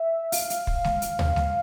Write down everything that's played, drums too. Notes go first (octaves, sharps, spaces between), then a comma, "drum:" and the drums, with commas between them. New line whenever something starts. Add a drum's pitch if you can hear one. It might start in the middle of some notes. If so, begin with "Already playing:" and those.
Already playing: E5
F5, drum: open hi-hat
drum: hi-hat
drum: kick
drum: snare G#3
drum: hi-hat
drum: tom D2
drum: snare G#3